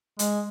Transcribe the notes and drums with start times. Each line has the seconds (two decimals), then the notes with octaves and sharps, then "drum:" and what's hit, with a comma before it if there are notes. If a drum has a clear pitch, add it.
0.19 G#3, drum: hi-hat